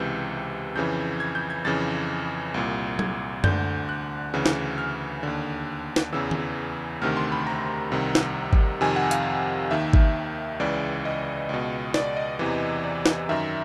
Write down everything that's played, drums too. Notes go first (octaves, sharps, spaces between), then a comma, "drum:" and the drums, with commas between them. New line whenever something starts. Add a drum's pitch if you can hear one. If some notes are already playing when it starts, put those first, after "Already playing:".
Already playing: C#2 C3 E3 G6
F2 C#3 E3 G6
G#6
G6
G#6
F2 C#3 E3 A6
C2 A#2
G#6, drum: tom F#3
D2 D3 G6, drum: tom F#2
F#6
D2 C#3 E3
drum: snare
F6
D#2 D3
drum: snare
E2 C#3 E3 E6
drum: tom D#3
D2 C3 D#3 F6
C6
B5
A#5
C2 C3 D#3
drum: snare
drum: kick G#1
F2 C3 D#3 G#5
F#5
F5, drum: hi-hat
D#2 D#3 E5
drum: kick G#1
C#2 C#3 E3 D5
D#5
C#2 B2
D5, drum: snare
D#5
E2 C3 E3
D5
drum: snare
F#2 D#3 E5